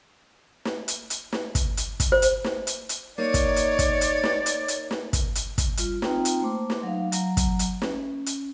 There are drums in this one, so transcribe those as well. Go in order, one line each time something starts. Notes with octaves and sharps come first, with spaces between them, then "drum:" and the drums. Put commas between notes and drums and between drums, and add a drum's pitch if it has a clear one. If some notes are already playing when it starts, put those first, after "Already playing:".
drum: snare
drum: hi-hat
drum: hi-hat
drum: snare
drum: kick, hi-hat
drum: hi-hat
drum: kick, hi-hat
C5
drum: hi-hat
drum: snare
drum: hi-hat
drum: hi-hat
A#3 D#4 C#5 D5
drum: kick, hi-hat
drum: hi-hat
drum: kick, hi-hat
drum: hi-hat
drum: snare
drum: hi-hat
drum: hi-hat
drum: snare
drum: kick, hi-hat
drum: hi-hat
drum: kick, hi-hat
G3 F4, drum: hi-hat
C4 D#4 F4 G5 A#5, drum: snare
drum: hi-hat
A3 A#3 C5 C6 D6
drum: snare
F#3 D#4 F5
F#3 A#5, drum: hi-hat
drum: kick, hi-hat
drum: hi-hat
C#4, drum: snare
drum: hi-hat